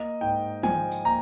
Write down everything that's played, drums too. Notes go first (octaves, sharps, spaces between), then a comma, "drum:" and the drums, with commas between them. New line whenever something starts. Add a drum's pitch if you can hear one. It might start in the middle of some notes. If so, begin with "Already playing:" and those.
Already playing: A#3 D#5
G#2 G5
F3 G#5, drum: tom
drum: tambourine
A#3 A#5